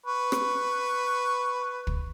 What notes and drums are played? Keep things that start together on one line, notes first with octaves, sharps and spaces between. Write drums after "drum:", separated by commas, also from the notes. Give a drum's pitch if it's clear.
B4 C#6
drum: rim click
drum: kick